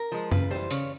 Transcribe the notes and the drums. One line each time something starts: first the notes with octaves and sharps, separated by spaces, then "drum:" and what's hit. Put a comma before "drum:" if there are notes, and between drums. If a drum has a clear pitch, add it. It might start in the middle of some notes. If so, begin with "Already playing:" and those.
Already playing: A#4
F3 G#3
C#3 B4, drum: tom F#2
E3 G3 C5
C#3 C#5, drum: hi-hat